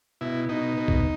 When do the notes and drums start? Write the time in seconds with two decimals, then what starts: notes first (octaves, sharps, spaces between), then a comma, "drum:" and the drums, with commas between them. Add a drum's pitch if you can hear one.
0.21 B2 E4
0.49 B2 D#4
0.77 B2
0.88 drum: kick A#1